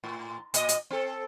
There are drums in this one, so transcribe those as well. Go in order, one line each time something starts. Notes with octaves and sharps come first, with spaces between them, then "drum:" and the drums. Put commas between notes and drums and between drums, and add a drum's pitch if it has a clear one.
A2
A#2 D#5, drum: hi-hat
drum: hi-hat
C4 A4